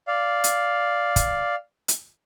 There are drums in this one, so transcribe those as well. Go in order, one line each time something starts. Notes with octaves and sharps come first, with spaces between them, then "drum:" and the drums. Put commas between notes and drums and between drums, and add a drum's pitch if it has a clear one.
D5 F5
drum: hi-hat
drum: kick, hi-hat
drum: hi-hat